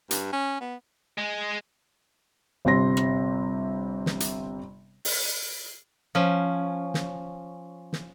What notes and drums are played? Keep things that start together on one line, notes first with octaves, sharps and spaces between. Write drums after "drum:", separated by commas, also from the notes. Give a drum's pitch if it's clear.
G2, drum: hi-hat
C#4
B3
G#3
G1 C3 C4 C6 A#6
drum: rim click
drum: snare
drum: hi-hat
drum: open hi-hat
F3 C#4
drum: snare
drum: snare